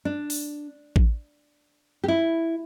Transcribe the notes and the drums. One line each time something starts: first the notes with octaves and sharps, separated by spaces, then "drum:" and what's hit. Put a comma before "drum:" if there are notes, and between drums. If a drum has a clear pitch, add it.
D4
drum: open hi-hat
drum: kick A1
G4
E4